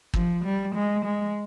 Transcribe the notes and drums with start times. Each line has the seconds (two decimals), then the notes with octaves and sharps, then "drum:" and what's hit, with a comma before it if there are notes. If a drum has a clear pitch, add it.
0.14 F3, drum: kick
0.44 G3
0.75 G#3
1.05 G#3